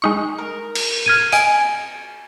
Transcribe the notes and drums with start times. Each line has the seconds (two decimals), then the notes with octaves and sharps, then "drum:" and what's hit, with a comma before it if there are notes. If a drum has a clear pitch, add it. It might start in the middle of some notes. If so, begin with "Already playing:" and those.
0.02 G#3 D#4 C#6
0.38 A#4
0.75 drum: cymbal
1.06 F6 G#6 D#7
1.32 D#5 G#5 D7 D#7, drum: hi-hat